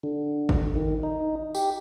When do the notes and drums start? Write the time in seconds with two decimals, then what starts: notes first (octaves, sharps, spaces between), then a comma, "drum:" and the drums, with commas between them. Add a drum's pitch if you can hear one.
0.03 D3
0.49 drum: kick G#1
0.76 D#3
1.03 D#4
1.55 G4, drum: tambourine